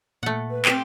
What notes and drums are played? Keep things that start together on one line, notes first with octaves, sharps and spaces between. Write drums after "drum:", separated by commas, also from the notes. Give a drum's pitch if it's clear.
A#2 A3 F#5
B4
C4 G4, drum: clap